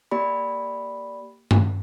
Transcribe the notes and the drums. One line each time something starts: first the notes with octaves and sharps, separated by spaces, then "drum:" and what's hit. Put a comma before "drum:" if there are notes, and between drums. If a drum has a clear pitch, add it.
A#3 G4 D5 B5
drum: tom G2